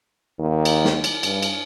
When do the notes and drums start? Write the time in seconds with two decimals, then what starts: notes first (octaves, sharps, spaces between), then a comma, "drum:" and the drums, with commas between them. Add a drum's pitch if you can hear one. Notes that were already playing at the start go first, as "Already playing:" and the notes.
0.39 D#2
0.65 drum: cymbal
0.85 drum: snare
1.04 drum: cymbal
1.23 G2, drum: cymbal
1.42 drum: cymbal